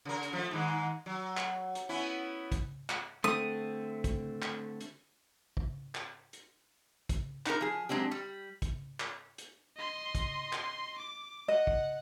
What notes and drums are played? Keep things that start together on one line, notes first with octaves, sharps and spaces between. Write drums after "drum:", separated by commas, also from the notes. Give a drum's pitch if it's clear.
C#3 A#4
drum: hi-hat
F3 A3
G#2 D#3 G#3
F#3
drum: clap
drum: hi-hat
B3 C#4 E4
drum: kick, hi-hat
drum: clap
D3 A3 C4 D#6
drum: kick, hi-hat
drum: clap
drum: hi-hat
drum: kick
drum: clap
drum: hi-hat
drum: kick, hi-hat
D#4 A#4, drum: clap
F3 G#4
F#3 G#3 C4 D4 G4
G3
drum: kick, hi-hat
drum: clap
drum: hi-hat
D#5 C6
drum: kick, hi-hat
drum: clap
D6
D#5 F#5
drum: kick